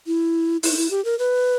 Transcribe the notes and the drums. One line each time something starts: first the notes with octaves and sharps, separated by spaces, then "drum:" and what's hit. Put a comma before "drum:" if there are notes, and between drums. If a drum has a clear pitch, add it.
E4
E4, drum: open hi-hat
D#4
E4
G4
A#4
B4